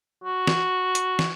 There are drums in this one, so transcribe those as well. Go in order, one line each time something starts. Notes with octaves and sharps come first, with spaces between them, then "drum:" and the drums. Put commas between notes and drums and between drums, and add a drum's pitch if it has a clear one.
F#4
drum: snare
drum: hi-hat
drum: snare